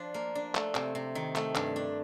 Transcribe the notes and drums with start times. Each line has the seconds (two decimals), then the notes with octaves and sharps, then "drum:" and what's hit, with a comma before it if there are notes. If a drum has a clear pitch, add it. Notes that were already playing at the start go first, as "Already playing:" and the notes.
Already playing: F3 D4
0.14 A#3
0.35 D4
0.55 A3, drum: clap
0.75 C3, drum: clap
0.95 C3
1.15 D#3
1.36 A3, drum: clap
1.55 G2, drum: clap
1.76 D4